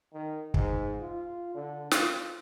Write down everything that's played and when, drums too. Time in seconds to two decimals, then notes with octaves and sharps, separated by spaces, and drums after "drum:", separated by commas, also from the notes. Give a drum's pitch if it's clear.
0.13 D#3
0.54 G#2, drum: kick
1.00 F4
1.55 D3
1.91 F4, drum: snare